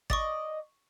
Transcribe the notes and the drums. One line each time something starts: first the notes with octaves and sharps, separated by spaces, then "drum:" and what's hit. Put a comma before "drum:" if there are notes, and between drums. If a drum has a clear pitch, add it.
D5 D#5 C#6 A6, drum: kick G#1